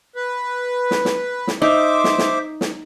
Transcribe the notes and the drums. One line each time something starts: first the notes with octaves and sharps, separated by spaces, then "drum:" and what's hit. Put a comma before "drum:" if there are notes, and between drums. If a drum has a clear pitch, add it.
B4
drum: snare
drum: snare
drum: snare
D#4 C5 E5 D6
drum: snare
drum: snare
drum: snare